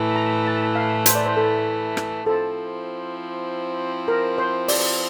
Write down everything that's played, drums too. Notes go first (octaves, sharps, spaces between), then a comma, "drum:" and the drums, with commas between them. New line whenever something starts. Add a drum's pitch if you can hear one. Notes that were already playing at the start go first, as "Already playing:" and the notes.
Already playing: A2 E3 A3 E4
A#5
A5
F5
C5, drum: hi-hat
D5
C5
A4
drum: rim click
F3 C4 E4 A4
A#4
C5
D5, drum: open hi-hat